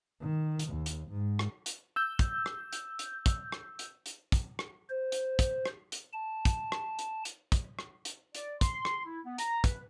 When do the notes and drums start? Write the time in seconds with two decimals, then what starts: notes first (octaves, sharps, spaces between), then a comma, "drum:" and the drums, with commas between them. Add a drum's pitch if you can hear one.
0.21 D#3
0.59 drum: hi-hat
0.68 D#2
0.86 drum: hi-hat
1.10 G#2
1.39 drum: rim click
1.66 drum: hi-hat
1.96 E6 G6
2.19 drum: kick, hi-hat
2.46 drum: rim click
2.73 drum: hi-hat
2.99 drum: hi-hat
3.26 drum: kick, hi-hat
3.52 drum: rim click
3.79 drum: hi-hat
4.06 drum: hi-hat
4.32 drum: kick, hi-hat
4.59 drum: rim click
4.90 C5
5.12 drum: hi-hat
5.39 drum: kick, hi-hat
5.65 drum: rim click
5.92 drum: hi-hat
6.13 A5
6.45 drum: kick, hi-hat
6.72 drum: rim click
6.99 drum: hi-hat
7.25 drum: hi-hat
7.52 drum: kick, hi-hat
7.79 drum: rim click
8.05 drum: hi-hat
8.35 D5, drum: hi-hat
8.61 C6, drum: kick, hi-hat
8.85 drum: rim click
9.05 E4
9.25 B3
9.38 A#5, drum: hi-hat
9.64 B4, drum: kick, hi-hat